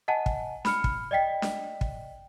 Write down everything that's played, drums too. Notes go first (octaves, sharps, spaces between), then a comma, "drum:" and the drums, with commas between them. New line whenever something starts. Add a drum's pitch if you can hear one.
D#5 F#5 G#5 A5
drum: kick
B5 F6 C#7, drum: snare D4
drum: kick
D5 D#5 G5 B6
drum: snare D4
drum: kick